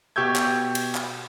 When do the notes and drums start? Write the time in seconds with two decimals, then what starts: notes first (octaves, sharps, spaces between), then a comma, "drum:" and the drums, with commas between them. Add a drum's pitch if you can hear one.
0.16 B2 G4 C#6 E6 G6 G#6
0.36 drum: clap
0.75 drum: cymbal
0.95 drum: clap